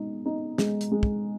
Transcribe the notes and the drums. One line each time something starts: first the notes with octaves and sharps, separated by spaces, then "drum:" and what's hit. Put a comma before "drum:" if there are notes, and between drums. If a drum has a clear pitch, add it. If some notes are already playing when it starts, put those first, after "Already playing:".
Already playing: B2 G#3 D#4
D#4
G#3, drum: snare
drum: hi-hat
G#3
drum: kick